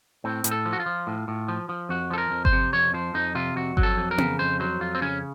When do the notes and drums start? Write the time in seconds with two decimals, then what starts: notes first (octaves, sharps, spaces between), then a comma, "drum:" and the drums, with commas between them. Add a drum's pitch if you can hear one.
0.24 A2 C4
0.44 A2, drum: hi-hat
0.51 A4
0.66 F3
0.73 F#4
0.80 F4
0.86 F3
1.07 A2
1.28 A2
1.48 F3
1.69 F3
1.89 F2 F#4
2.10 F3 A4
2.18 A#4
2.31 F2
2.45 C5, drum: kick G1
2.53 C3
2.73 F2 C#5
2.94 F3 C5
3.14 F2 D#4
3.35 C3 F4
3.56 F2 F#4
3.77 F#3, drum: kick G1
3.83 A4
3.97 F2
4.11 A#4
4.18 C#3, drum: tom B3
4.39 F2 C5
4.60 F#3 C5
4.80 F2 F4
4.95 C4
5.02 C#3 C#4